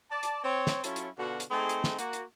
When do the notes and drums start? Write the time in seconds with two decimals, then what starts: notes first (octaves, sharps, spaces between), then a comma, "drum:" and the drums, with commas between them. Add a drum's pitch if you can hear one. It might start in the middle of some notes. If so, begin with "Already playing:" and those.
0.11 D5 A5
0.23 drum: hi-hat
0.44 C4 C#5
0.67 drum: snare
0.84 F#3 C#4 E4 F4 A4, drum: hi-hat
0.96 drum: hi-hat
1.18 B2 D3 F4 F#4
1.40 drum: hi-hat
1.50 A3 C4 D#4 G#4
1.69 drum: hi-hat
1.84 drum: snare
1.99 A#3 F#4, drum: hi-hat
2.13 drum: hi-hat